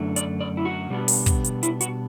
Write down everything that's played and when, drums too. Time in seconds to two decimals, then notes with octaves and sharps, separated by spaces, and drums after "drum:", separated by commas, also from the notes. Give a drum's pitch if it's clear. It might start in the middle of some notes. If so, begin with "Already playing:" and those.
Already playing: F#2 D3 A3 D4
0.16 D5, drum: hi-hat
0.40 D5
0.57 E4
0.65 F#4
0.90 B2 G3 B3 D4
1.08 drum: open hi-hat
1.26 drum: kick, hi-hat
1.45 drum: hi-hat
1.63 E4, drum: hi-hat
1.81 F#4, drum: hi-hat